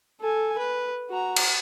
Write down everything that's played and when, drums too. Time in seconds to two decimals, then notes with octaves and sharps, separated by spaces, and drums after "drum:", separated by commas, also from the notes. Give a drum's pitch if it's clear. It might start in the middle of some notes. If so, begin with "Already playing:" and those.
0.21 A4 G#5
0.58 B4
1.10 F#4 A#5
1.36 drum: cymbal